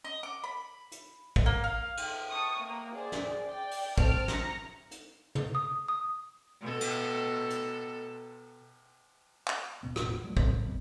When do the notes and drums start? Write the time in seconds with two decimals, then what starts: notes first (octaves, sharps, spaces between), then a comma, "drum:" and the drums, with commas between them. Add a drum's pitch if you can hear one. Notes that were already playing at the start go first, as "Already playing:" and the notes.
0.04 D#5
0.23 D6
0.44 B5
0.91 drum: hi-hat
1.36 drum: kick
1.46 A#3
1.64 F5
1.97 drum: cymbal
2.30 A5 C#6 D#6
2.59 A#3
2.94 G#4 C5 D5
3.12 drum: snare
3.43 D5 G5
3.71 drum: open hi-hat
3.98 C4 A5 F6 D7, drum: kick
4.28 A#5 A#6 C#7, drum: snare
4.91 drum: hi-hat
5.35 drum: tom
5.55 D#6
5.88 D#6
6.61 B2 A4
6.81 drum: cymbal
7.50 drum: hi-hat
9.47 drum: clap
9.83 D1 B2 B3
9.96 E1 A1 E2, drum: rim click
10.24 F#3 A3
10.37 C#3 F#3 C4, drum: kick
10.52 F1 A2 F#3
10.66 E1 B3